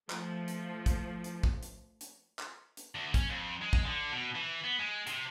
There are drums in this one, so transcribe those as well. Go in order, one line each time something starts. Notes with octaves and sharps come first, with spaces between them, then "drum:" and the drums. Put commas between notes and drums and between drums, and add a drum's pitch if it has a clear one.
F3 A3, drum: clap
drum: hi-hat
drum: kick, hi-hat
drum: hi-hat
drum: kick
drum: hi-hat
drum: hi-hat
drum: clap
drum: hi-hat
D2
C#4, drum: kick, hi-hat
F2
G#3
drum: kick
D3
B2
E3
B3
G#3
C3, drum: hi-hat